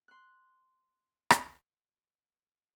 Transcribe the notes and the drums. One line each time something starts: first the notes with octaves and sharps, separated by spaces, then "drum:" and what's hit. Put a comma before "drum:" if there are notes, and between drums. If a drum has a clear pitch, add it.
C6 F#6
drum: rim click